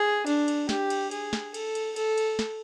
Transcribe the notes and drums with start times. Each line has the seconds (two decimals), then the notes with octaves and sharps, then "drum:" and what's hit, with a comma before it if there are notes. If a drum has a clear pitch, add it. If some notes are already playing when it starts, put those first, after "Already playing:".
Already playing: G#4
0.27 D4, drum: cymbal
0.48 drum: cymbal
0.69 G4, drum: snare
0.90 drum: cymbal
1.11 G#4, drum: cymbal
1.33 drum: snare
1.54 A4, drum: cymbal
1.75 drum: cymbal
1.96 A4, drum: cymbal
2.18 drum: cymbal
2.39 drum: snare